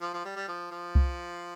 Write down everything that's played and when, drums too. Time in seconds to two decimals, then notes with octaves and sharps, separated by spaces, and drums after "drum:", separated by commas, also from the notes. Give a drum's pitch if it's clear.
0.01 F3
0.14 F3
0.25 G3
0.36 G3
0.48 F3
0.71 F3
0.95 drum: kick C2